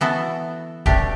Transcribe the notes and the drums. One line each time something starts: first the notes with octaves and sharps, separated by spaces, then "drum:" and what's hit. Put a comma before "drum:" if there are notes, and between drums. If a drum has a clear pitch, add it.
E3 B3 F#4 A4
B2 A3 D4 G4, drum: kick D1